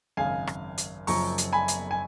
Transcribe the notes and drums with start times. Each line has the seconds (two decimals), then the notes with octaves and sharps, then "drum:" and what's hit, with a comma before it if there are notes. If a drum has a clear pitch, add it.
0.17 G#1 F#2 C#3 G#3 F5 G#5
0.47 drum: rim click
0.78 drum: hi-hat
1.07 F#1 F#2 F3 A#5 C#6, drum: open hi-hat
1.38 drum: hi-hat
1.53 G#5 B5
1.68 drum: hi-hat
1.91 G#5